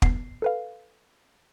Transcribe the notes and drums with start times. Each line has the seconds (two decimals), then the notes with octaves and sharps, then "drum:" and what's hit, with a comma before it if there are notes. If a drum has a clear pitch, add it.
0.02 B3 C7, drum: kick
0.42 A4 B4 F5